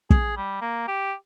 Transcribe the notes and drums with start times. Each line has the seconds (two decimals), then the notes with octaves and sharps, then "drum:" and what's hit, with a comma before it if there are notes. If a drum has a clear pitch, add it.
0.10 G#4, drum: kick
0.37 G3
0.61 A#3
0.88 G4